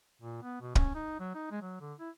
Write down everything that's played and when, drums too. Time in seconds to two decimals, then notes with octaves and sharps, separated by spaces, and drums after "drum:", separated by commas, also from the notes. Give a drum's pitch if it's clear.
0.22 A#2
0.43 B3
0.61 B2
0.75 C#4, drum: kick
0.95 D#4
1.19 F#3
1.34 D#4
1.51 G#3
1.62 F#3
1.81 D3
1.99 E4